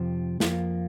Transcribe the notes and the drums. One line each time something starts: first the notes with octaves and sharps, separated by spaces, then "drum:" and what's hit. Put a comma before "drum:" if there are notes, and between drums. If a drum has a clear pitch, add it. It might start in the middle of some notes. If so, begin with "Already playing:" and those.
Already playing: F2 C3 F3 C4
F2 F3 A#3, drum: snare